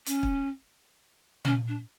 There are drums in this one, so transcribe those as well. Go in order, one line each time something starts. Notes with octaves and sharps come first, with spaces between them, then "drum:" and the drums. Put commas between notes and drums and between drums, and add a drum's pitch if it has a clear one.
C#4, drum: hi-hat
drum: kick
C#4, drum: tom
D4